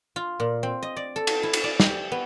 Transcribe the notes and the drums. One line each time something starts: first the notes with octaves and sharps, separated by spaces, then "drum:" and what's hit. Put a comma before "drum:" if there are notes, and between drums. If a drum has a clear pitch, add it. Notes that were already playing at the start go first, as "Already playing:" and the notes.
F4
A#2
C4
D#5
D5
A4
drum: cymbal
E4
drum: cymbal
D5
G4, drum: snare
B3